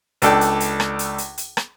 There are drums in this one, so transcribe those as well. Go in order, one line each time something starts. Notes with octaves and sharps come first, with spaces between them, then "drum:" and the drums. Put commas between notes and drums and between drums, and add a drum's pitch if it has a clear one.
C#2 D4 A4 G5, drum: hi-hat
drum: hi-hat
drum: hi-hat
drum: rim click
drum: hi-hat
drum: hi-hat
drum: hi-hat
drum: rim click